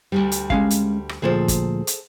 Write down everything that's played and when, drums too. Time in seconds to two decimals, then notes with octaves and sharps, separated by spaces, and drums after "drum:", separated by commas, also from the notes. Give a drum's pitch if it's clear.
0.12 D2 G#2 G3
0.32 drum: hi-hat
0.50 G#3 C#4 F5, drum: kick
0.70 drum: hi-hat
1.09 drum: rim click
1.22 D2 A#2 F3 G#4 A4 C5
1.48 drum: kick, hi-hat
1.87 drum: hi-hat